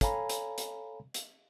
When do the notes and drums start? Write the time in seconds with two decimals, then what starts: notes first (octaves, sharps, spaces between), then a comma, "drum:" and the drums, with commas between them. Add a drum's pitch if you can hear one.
0.01 A4 C#5 F5 G#5 A#5 B5, drum: kick, hi-hat
0.29 drum: hi-hat
0.58 drum: hi-hat
1.14 drum: hi-hat